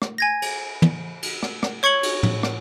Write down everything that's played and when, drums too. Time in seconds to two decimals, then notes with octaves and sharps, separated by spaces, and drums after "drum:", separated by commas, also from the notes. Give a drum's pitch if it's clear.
0.02 drum: rim click
0.18 G#5 G#6 A#6
0.42 drum: cymbal
0.82 drum: tom
1.22 drum: cymbal
1.43 drum: rim click
1.63 drum: rim click
1.83 C#5 C#6 G#6 C#7 F#7
2.03 drum: cymbal
2.23 drum: tom
2.43 drum: rim click